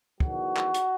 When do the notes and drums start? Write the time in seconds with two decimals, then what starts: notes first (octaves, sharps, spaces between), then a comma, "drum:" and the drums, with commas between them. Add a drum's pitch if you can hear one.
0.20 E2 D#3 F#3 F#4, drum: kick
0.57 drum: clap
0.74 drum: hi-hat